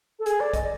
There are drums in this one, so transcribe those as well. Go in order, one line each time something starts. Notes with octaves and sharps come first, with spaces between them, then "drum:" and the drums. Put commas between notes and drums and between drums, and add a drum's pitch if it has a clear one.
A4
G#4, drum: hi-hat
D5
D#5, drum: kick, hi-hat